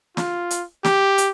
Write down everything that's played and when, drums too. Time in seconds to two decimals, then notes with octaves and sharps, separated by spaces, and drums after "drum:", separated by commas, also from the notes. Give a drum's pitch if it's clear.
0.17 F4, drum: snare
0.51 drum: hi-hat
0.84 G4, drum: snare
1.18 drum: hi-hat